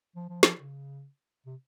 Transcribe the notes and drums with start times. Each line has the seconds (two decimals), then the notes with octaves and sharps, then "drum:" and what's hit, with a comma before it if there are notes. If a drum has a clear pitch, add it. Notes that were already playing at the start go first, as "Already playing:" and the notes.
0.16 F3
0.29 F3
0.43 F3, drum: snare
0.58 C#3
1.46 C3